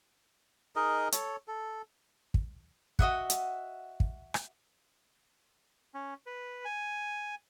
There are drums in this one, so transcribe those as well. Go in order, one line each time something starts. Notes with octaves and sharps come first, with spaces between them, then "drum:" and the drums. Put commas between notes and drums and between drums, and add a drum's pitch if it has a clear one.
D#4 G#4 A#4 D#5
A4 C#5, drum: hi-hat
A4
drum: kick
F#4 D#5 E5 F#5, drum: kick
drum: hi-hat
drum: kick
drum: rim click
C#4
B4
G#5